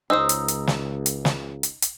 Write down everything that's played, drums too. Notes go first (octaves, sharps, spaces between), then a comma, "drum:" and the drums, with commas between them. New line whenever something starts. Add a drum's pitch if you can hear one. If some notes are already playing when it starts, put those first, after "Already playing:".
C#2 D#4 C5 D#6 E6
drum: hi-hat
drum: hi-hat
drum: snare
drum: hi-hat
drum: snare
drum: hi-hat
drum: hi-hat